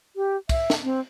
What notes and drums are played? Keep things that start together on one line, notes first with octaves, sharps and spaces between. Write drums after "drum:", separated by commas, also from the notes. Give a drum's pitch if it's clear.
G4
E5, drum: kick, cymbal
drum: snare
C4